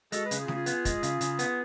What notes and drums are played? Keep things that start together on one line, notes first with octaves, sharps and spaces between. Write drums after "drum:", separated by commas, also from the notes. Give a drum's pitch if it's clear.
G#3 F#4 A4, drum: hi-hat
G#4 B4
C#3, drum: hi-hat
F4 G#4
C#3, drum: snare A3
F4 G#4
B3, drum: hi-hat
G#3, drum: kick, hi-hat
C#3, drum: hi-hat
C#3, drum: hi-hat
B3, drum: hi-hat